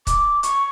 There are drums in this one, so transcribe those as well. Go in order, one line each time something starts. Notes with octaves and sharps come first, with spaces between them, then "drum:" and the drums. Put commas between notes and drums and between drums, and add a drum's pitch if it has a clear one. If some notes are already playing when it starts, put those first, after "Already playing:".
D6, drum: kick, hi-hat
C#6, drum: hi-hat